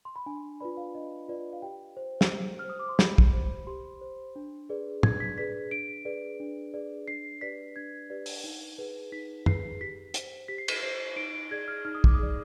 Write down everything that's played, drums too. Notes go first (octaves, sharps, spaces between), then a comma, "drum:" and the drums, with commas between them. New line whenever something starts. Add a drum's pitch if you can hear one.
C6
B5
D4 G#5
F4 B4 D5 B5
F5
D4 D#5
F4 B4 D5
F5
G4 G5
C5
drum: snare
G4
F6
C5 D#6
D6
C6
G4 B5, drum: snare
drum: kick
C5
G4 C6
C5
D4
G#4 B4 D5
D4 G#6, drum: tom
B6
G#4 B4 D5 B6
D4 D7
G#4 B4 D5
D4
G#4 B4 D5
D4 C7
G4 B4 D5 B6
D4 G#6
G4 B4 D5
drum: open hi-hat
D#4
G#4 B4
D#4 B6
G#4 B4 C7, drum: tom
G4 B6
C5, drum: hi-hat
G4 B6
C7
B6, drum: cymbal
C5 C7
D#4 D7
D7
G#4 D5 G#6
F6
D#4 F6
D#6
D6, drum: kick
D#6
G#4 D5